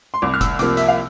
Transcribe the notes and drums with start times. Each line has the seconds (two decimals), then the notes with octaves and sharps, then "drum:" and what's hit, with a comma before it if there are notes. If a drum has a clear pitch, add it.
0.14 C6
0.22 C2 D6
0.34 F6
0.41 E6, drum: kick F1, hi-hat
0.59 C3 F3 A#3 D6, drum: hi-hat
0.77 E5, drum: hi-hat
0.88 F5